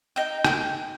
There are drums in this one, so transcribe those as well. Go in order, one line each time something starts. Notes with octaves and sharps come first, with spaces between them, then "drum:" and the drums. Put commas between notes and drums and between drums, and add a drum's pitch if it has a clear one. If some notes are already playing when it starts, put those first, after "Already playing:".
D#4 G5
G5, drum: rim click